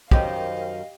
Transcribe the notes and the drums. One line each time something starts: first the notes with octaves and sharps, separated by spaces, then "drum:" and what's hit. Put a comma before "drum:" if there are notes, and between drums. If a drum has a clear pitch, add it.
F#2 D#3 C#4 G4 C5 D#5 F5, drum: kick